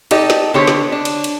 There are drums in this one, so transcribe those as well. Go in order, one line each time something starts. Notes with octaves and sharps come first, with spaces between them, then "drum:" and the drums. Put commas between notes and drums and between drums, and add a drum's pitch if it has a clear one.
D#4 G4 A4 D5 D#5, drum: cymbal
drum: snare
D3 B3 G4 C5 C#5
drum: snare
D4
drum: cymbal
drum: cymbal